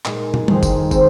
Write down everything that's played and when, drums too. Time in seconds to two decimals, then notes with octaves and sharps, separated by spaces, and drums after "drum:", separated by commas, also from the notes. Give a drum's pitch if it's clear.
0.05 A#2 G#3 D#4 G#4, drum: clap
0.34 drum: tom
0.48 F2 D#3 G#3 D#4 G#4, drum: tom G3
0.63 drum: kick, tambourine
0.91 G#3 C4, drum: kick, tambourine